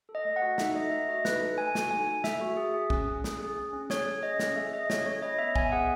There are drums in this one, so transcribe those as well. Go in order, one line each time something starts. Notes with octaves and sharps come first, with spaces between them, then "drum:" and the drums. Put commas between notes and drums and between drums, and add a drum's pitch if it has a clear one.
A4
D#5
A3
F#5
F#4
D#4 E5, drum: snare
A4 D#5
A3 E5
F#4 D#5
D#4 B4, drum: snare
A4
A3 G#5
F#4, drum: snare
D#4 G#5
A4
A3 E5, drum: snare
F#4
G#4
G#4
C#4, drum: kick
C#4
G#4, drum: snare
G#4
C#4
C#4
G#4 C#5, drum: snare
G#4
C#4 D#5
C#4, drum: snare
G#4 E5
G#4 D#5
C#4 C#5, drum: snare
C#4 C#5
E4 D#5
B3 E5
B3 G#5, drum: kick
G#4 F#5